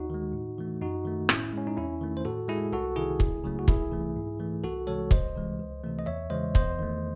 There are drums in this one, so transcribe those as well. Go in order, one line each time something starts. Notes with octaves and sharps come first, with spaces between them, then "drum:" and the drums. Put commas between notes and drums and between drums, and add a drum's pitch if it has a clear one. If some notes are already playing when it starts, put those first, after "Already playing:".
Already playing: D#2 D#4 F#4
D#3 G#3
A2
E3 A3
F#2 D#4 F#4
D#3 A3
A2 C#4 E4, drum: rim click
G#3 C#4
D#4
E2 C#4 E4
D#3 A3
C5
A2 F#4 A4
G#3 E4 G#4
C2 F#4 A4
C3 D#3 E4 G#4
C#2, drum: kick
C#3 F#3 A3
F#4
C2 E4 G#4, drum: kick
C3 E3 A3
G#2
E3 A3
C2 F#4 A4
C3 E3 G#3 A4 C#5
C2 C5 D#5, drum: kick
C3 E3 G#3
C#2
C3 E3 A3
D#5
E2 C#5 E5
C#3 E3 G#3 C5 D#5
E2 C5 D#5, drum: kick
D#3 A3